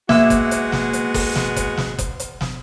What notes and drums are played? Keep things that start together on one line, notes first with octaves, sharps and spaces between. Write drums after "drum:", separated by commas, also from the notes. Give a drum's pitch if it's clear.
G#3 A#3 B3 F#4 E5, drum: snare
drum: kick F#1, hi-hat
drum: hi-hat
drum: snare
drum: hi-hat
drum: kick F#1, open hi-hat
drum: snare
drum: kick F#1, hi-hat
drum: snare
drum: kick F#1, hi-hat
drum: hi-hat
drum: snare